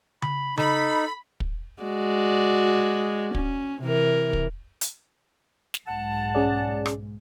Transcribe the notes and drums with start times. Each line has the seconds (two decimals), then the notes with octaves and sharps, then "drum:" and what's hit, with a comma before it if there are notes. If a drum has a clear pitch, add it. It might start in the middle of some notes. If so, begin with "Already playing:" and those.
0.22 B5, drum: tom C#3
0.57 D#4 A4 B5, drum: tom C#3
1.40 drum: kick
1.82 G#3 F#4 D5
3.35 C#4, drum: kick
3.82 C3 E3 A#4
4.33 drum: kick
4.81 drum: hi-hat
5.74 drum: snare
5.87 B1 G#2 G#3 F#5 A5
6.35 C#4 G#4 D5
6.86 drum: rim click